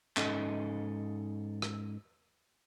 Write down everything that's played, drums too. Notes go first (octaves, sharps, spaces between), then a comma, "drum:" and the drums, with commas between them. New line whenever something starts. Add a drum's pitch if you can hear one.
G#2 C#4 D#4 A4 D#5, drum: clap
drum: rim click